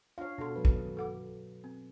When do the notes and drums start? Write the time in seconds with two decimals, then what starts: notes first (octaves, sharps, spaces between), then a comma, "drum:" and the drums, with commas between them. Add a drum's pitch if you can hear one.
0.18 D4 F4 C#5 F5
0.38 B2 D4 F#4 A4 C6
0.55 F#3 B4
0.65 drum: kick
0.97 A4 F#5 D6
1.64 C4